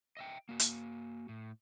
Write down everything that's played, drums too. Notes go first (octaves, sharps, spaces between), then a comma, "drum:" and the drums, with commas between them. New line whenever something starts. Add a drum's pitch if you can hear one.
D#5 E5 G5
A#3 F#4
drum: hi-hat
A2